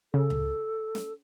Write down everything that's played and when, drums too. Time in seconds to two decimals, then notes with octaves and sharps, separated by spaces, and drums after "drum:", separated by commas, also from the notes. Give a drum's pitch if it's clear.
0.14 C#3 A4
0.30 drum: tom C#2
0.95 drum: snare